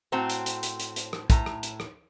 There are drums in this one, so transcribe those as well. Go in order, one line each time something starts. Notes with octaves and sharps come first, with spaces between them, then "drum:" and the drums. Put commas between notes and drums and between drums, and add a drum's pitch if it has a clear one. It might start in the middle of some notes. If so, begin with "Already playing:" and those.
A2 C4 F#4 C5 A#5
drum: hi-hat
drum: hi-hat
drum: hi-hat
drum: hi-hat
drum: hi-hat
drum: rim click
A2 A#5, drum: kick, hi-hat
drum: rim click
drum: hi-hat
drum: rim click